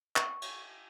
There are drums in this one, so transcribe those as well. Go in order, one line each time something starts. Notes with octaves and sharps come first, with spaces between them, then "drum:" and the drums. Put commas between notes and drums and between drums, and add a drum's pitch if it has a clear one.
C#6, drum: clap
drum: cymbal